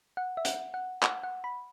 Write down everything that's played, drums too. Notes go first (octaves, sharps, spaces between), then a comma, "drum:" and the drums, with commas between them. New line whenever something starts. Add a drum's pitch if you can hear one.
F#5
E5
F#5, drum: hi-hat
F#5
F#5, drum: clap
F#5
B5